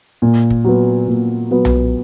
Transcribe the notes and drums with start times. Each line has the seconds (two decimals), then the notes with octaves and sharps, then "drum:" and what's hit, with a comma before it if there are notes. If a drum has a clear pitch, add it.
0.22 A#2
0.50 drum: kick
0.65 F#3 B3
1.08 A#2
1.51 F#3 B3
1.65 drum: tom B1